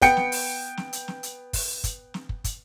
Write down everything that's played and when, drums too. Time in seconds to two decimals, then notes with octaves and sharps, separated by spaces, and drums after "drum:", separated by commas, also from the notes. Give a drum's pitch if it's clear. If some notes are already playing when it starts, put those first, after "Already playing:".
0.02 B3 G5 C#7, drum: kick, hi-hat
0.17 drum: snare
0.32 drum: open hi-hat
0.77 drum: snare
0.93 drum: hi-hat
1.08 drum: snare
1.23 drum: hi-hat
1.53 drum: kick, open hi-hat
1.84 drum: kick, hi-hat
2.14 drum: snare
2.29 drum: kick
2.44 drum: kick, hi-hat